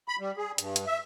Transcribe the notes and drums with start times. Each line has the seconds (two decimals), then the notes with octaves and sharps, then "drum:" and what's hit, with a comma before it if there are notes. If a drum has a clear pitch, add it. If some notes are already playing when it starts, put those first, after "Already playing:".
0.08 B5
0.19 G3
0.37 G#4
0.58 G2, drum: hi-hat
0.76 drum: hi-hat
0.87 E5